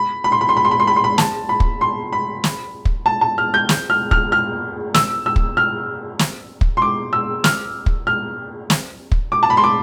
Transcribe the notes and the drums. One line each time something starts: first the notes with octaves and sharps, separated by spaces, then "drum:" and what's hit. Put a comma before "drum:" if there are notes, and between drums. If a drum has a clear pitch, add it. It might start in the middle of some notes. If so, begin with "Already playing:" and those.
Already playing: B5
B5
C6
B5
C6
B5
C6
B5
C6
B5
C6
B5
A5, drum: snare
B5
drum: kick
C6
B5
drum: snare
drum: kick
A5
A5
F6
G6
drum: snare
F6
F6, drum: kick
F6
E6, drum: snare
E6
drum: kick
F6
drum: snare
drum: kick
C6
D6
E6
F6, drum: snare
drum: kick
F6
drum: snare
drum: kick
D6
A5
B5
C6
D6